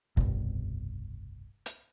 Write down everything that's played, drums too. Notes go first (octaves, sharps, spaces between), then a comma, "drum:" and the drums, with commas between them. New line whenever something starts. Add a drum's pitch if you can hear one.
F1 C2 G2 B2, drum: kick
drum: hi-hat